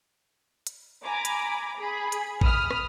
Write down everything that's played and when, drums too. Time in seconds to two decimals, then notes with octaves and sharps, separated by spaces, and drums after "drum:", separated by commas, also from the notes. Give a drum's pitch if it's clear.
0.67 drum: hi-hat
1.04 G#5 A#5 B5 D6
1.25 drum: hi-hat
1.79 G#4 B5
2.12 drum: hi-hat
2.41 B5 D#6 F6, drum: kick A#1
2.71 drum: rim click